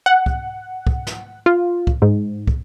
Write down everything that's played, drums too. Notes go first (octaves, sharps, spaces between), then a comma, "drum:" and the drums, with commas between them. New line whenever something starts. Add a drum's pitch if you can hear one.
F#5
drum: kick
drum: kick
drum: snare
F4
drum: kick
G#2
drum: kick